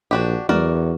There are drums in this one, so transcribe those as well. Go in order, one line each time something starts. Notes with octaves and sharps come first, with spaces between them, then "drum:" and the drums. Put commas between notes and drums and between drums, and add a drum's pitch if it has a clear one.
A#1 D4 F#4 G4
E2 F#4 A#4 D5, drum: tom F#3